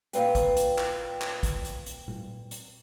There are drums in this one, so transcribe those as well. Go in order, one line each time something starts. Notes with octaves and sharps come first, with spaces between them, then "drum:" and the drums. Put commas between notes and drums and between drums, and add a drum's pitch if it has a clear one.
A#2 C4 F4 B4 F5 G5, drum: hi-hat
drum: kick, hi-hat
drum: hi-hat
drum: clap
drum: clap
drum: kick, hi-hat
drum: hi-hat
drum: hi-hat
drum: tom A#2
drum: hi-hat